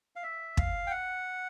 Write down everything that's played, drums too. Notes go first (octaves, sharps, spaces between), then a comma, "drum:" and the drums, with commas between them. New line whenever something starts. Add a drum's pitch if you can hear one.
F5
E5
F5, drum: kick
G5
F#5